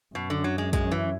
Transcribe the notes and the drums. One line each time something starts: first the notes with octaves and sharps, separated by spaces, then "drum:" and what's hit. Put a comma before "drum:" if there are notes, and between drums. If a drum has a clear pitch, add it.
F#2 B2
D3
F#3
G#3
G#3, drum: kick, hi-hat
E3